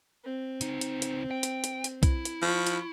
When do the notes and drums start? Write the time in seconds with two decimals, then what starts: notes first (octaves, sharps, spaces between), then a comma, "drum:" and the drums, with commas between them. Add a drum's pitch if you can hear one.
0.24 C4
0.61 C#2 D#4, drum: hi-hat
0.81 drum: hi-hat
1.02 drum: hi-hat
1.31 G5
1.43 drum: hi-hat
1.64 drum: hi-hat
1.84 drum: hi-hat
2.03 E4, drum: kick B1, hi-hat
2.25 drum: hi-hat
2.42 F3 B5 C#6
2.67 drum: hi-hat